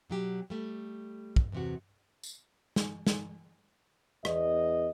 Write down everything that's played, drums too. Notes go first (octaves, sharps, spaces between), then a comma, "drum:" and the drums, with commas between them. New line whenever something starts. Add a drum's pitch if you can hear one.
B2 F#3 G4
G3 A3
drum: kick
E2 C3 F#4
drum: tambourine
drum: snare
drum: snare
E2 D#5, drum: rim click